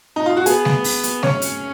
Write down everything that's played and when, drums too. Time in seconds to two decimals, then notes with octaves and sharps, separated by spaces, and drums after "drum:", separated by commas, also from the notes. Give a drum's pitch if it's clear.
0.16 D#4
0.26 F4
0.37 F#4
0.46 B3 G#4, drum: hi-hat
0.65 drum: snare G3
0.84 drum: open hi-hat
1.03 drum: hi-hat
1.23 C#4 C#5, drum: snare G3
1.42 drum: hi-hat